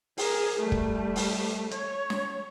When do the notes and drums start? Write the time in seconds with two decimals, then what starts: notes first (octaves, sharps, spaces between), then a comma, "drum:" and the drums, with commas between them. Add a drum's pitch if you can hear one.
0.18 G#4 A#4, drum: open hi-hat
0.59 G3 A3
0.72 drum: kick
1.16 drum: open hi-hat
1.71 C#5, drum: hi-hat
2.10 drum: snare